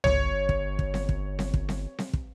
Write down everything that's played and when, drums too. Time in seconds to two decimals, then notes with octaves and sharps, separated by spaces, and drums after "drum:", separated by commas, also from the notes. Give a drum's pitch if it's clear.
0.04 G1 C#5, drum: tom C2
0.49 drum: kick
0.79 drum: kick
0.94 drum: snare C4
1.09 drum: kick
1.39 drum: snare C4
1.54 drum: kick
1.69 drum: snare C4
1.99 drum: snare C4
2.13 drum: kick